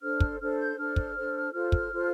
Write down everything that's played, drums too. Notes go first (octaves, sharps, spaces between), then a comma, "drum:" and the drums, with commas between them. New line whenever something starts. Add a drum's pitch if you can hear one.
D4 A4 C5 F6
drum: kick
D4 A4 C5 F6
G6
D4 A4 C5 F6
drum: kick
D4 A4 C5
F4 A4 C5 F6
drum: kick
F4 A4 C5